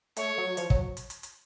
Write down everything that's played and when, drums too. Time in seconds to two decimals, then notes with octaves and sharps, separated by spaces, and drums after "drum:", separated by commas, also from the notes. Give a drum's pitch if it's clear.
0.17 A3 C#5, drum: hi-hat
0.38 F#3
0.57 F3, drum: hi-hat
0.70 F#3, drum: kick
0.97 drum: hi-hat
1.10 drum: hi-hat
1.23 drum: hi-hat